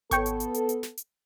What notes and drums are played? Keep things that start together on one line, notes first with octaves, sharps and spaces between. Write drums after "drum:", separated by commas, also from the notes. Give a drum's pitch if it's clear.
B3 A4 C#5 G5 C#6, drum: kick G#1, hi-hat
drum: hi-hat
drum: hi-hat
drum: hi-hat
drum: hi-hat
drum: snare
drum: hi-hat